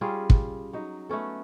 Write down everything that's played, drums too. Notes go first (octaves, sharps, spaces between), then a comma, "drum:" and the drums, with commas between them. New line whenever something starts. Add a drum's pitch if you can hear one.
G3 C#4 F4 G#4
drum: kick
F#3 D#4
A3 B3 C#4 A4